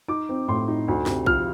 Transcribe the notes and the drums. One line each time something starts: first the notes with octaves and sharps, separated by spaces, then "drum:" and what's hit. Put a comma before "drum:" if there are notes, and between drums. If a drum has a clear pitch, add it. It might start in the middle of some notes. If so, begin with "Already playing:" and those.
D#4 D6
C4
A2 C6
D#4
D2
C3, drum: snare
F3 F6, drum: kick A#1